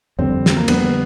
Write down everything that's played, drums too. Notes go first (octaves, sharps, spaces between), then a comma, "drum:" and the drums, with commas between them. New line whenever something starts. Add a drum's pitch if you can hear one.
F2 D3 G3 C4
drum: snare
A#3
F2 D3 G3 B3, drum: cymbal